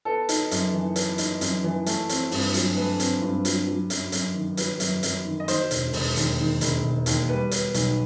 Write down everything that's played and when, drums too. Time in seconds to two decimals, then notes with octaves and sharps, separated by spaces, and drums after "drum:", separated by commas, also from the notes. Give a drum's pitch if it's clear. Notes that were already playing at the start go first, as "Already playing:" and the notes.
0.05 B3 A4
0.29 D#4, drum: hi-hat
0.51 F#2, drum: hi-hat
0.74 E3
0.96 B3, drum: hi-hat
1.18 D#4, drum: hi-hat
1.41 F#2, drum: hi-hat
1.64 E3
1.86 A3, drum: hi-hat
2.09 C4, drum: hi-hat
2.31 G2, drum: open hi-hat
2.54 F#3, drum: hi-hat
2.76 A3 B4
3.00 C4, drum: hi-hat
3.22 G2
3.45 F#3, drum: hi-hat
3.67 F#3
3.90 F#2, drum: hi-hat
4.12 F#2, drum: hi-hat
4.35 D#3
4.57 F#3 B4, drum: hi-hat
4.80 F#2, drum: hi-hat
5.03 F#2, drum: hi-hat
5.25 D#3
5.40 D#5
5.48 D#3 C5, drum: hi-hat
5.71 E1, drum: hi-hat
5.93 E1, drum: open hi-hat
6.16 D#2, drum: hi-hat
6.38 D#3
6.61 E1, drum: hi-hat
6.84 E1
7.06 D#2, drum: hi-hat
7.29 G3 B4
7.51 B3, drum: hi-hat
7.74 B1, drum: hi-hat